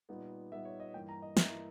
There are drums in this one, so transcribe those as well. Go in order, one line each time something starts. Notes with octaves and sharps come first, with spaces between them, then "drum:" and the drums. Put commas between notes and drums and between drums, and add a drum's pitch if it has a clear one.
A#2 G3 B3 D#4
A#2 G3 B3 D#4 E5
C#5
D#5
G2 E3 A#3 G5
A#5
D#5
G2 E3 A#3 E5, drum: snare